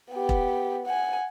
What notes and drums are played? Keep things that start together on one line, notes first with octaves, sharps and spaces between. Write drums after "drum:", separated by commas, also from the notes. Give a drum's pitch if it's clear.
B3 G4
drum: kick E1
F#5 G#5